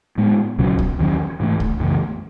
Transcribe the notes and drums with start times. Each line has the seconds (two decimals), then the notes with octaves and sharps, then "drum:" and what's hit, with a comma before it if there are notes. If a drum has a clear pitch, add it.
0.18 A2 G#3 B3
0.58 C#2 B2 F#3 C#4
0.79 drum: kick C2
0.99 E2 D#3 F#3 C#4
1.40 G#2 E3 A3
1.60 drum: kick C2
1.80 F#2 C#3 E3 A3